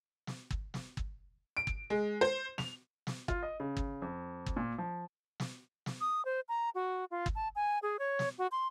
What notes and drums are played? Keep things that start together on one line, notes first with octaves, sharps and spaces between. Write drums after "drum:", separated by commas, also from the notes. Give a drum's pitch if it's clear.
drum: snare
drum: kick G1
drum: snare
drum: kick G1
D7
drum: kick G1
G#3
C5
F7, drum: snare
drum: snare
F4, drum: kick G1
D#5
C#3
drum: kick G1
F2
drum: kick G1
A#2
F3
drum: snare
drum: snare
D#6
C5
A#5
F#4
F4
drum: kick G1
A5
G#5
G#4
C#5
drum: snare
F#4
C6